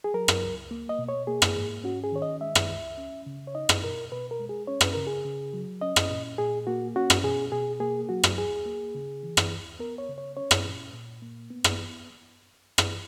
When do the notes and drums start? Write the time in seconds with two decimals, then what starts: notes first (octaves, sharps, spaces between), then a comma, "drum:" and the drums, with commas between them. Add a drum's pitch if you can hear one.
0.04 G#4
0.14 F#3 A#4
0.28 drum: rim click
0.43 C#2
0.71 A#3
0.89 D#5
0.99 B2
1.09 C#5
1.27 A#3 G#4
1.42 drum: rim click
1.56 G#2
1.84 C#4 F#4
2.04 G#4
2.12 D#3 C#5
2.22 D#5
2.41 G#3 E5
2.55 drum: rim click
2.69 C#2
2.98 C#4
3.26 C#3
3.47 C#5
3.55 D#4 D#5
3.69 drum: rim click
3.84 B2 A#4
4.12 B2 B4
4.31 A#4
4.40 G#3
4.49 G#4
4.67 C#4 C#5
4.81 B4, drum: rim click
4.93 C#3 A#4
5.07 G#4
5.25 C#3
5.54 F#3
5.82 C#4 D#5
5.96 drum: rim click
6.10 A#2
6.38 A#2 G#4
6.67 A#3 F#4
6.96 C#4 F#4
7.10 drum: rim click
7.24 B2 G#4
7.52 B2 G#4
7.80 A#3 G#4
8.09 F#3 F#4
8.23 drum: rim click
8.37 D#2 G#4
8.66 A#3
8.95 C#3
9.23 E3
9.37 drum: rim click
9.51 D#2
9.79 B3 A#4
9.98 C#5
10.09 C#3
10.18 C#5
10.37 C#4 C#5
10.51 drum: rim click
10.65 A#2
10.93 A#2
11.22 A#3
11.51 B3
11.64 drum: rim click
12.78 drum: rim click